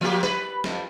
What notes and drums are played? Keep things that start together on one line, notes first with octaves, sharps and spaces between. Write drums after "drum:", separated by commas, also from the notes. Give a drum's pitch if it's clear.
F3 A#3 G4
B4, drum: snare
F2, drum: snare